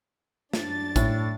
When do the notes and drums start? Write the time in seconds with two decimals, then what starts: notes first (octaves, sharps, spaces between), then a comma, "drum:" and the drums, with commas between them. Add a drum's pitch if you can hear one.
0.53 F#2 D4 A6, drum: snare
0.96 A2, drum: kick, hi-hat